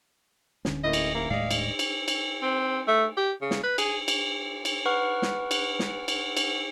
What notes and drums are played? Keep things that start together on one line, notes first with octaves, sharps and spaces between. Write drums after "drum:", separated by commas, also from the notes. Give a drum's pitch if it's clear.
D1 D3 C#4, drum: snare
A2 A3 A#3 D#5
drum: cymbal
A#3 E4
D#1 A2 G#3 D5 D#5 F5
drum: cymbal
drum: cymbal
drum: cymbal
C4
A3
G4
C#3
drum: snare
B4
G#4, drum: cymbal
drum: cymbal
drum: cymbal
B4 F#5 C#6 F6
drum: snare
drum: cymbal
drum: snare
drum: cymbal
drum: cymbal